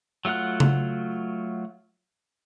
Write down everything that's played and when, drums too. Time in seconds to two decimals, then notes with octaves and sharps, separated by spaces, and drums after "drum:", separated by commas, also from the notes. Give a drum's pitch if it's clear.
0.25 F#3 A3 F4 F#5 F#6
0.60 drum: tom C#3